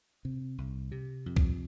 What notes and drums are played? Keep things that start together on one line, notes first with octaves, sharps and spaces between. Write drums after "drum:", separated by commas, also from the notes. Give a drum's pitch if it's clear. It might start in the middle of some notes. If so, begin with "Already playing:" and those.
C3
C2
C3
F2
drum: kick B1